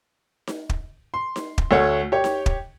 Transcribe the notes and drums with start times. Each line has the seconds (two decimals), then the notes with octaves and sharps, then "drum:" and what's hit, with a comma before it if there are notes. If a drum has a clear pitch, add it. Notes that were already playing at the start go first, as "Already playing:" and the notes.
0.47 drum: snare D#4
0.69 drum: kick
1.14 C6
1.36 drum: snare D#4
1.58 drum: kick
1.71 D2 A3 C#5 F#5
2.12 G4 C#5
2.24 drum: snare D#4
2.46 drum: kick